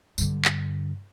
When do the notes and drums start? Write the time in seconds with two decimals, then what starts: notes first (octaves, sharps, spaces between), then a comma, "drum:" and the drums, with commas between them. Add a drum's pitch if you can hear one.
0.18 G2 D3, drum: tambourine
0.45 drum: clap